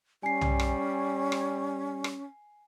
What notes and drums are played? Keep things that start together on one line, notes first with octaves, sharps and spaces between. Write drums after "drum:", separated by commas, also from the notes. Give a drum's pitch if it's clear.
G3 C#4 G#5 C7
drum: tom
drum: rim click
drum: rim click
drum: rim click